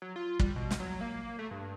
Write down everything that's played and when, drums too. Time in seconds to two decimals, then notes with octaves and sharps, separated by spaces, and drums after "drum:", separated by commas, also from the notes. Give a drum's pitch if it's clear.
0.02 F#3
0.16 F4
0.39 G3, drum: kick
0.56 B2
0.71 drum: snare
0.80 F#3
1.01 A#3
1.39 A3
1.51 G2